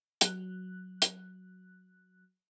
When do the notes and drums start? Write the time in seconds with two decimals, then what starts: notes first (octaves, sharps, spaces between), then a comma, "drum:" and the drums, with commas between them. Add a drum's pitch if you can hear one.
0.21 F#3 F#6, drum: hi-hat
1.02 drum: hi-hat